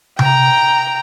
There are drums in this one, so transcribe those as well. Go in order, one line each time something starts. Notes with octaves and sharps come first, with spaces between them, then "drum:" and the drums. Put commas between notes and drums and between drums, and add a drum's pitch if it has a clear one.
G5 A#5, drum: tom C3